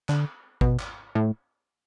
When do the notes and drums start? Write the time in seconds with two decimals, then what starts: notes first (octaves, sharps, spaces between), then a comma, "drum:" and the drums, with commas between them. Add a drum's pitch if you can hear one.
0.09 D3, drum: clap
0.61 B2, drum: kick G#1
0.79 drum: clap
1.15 A2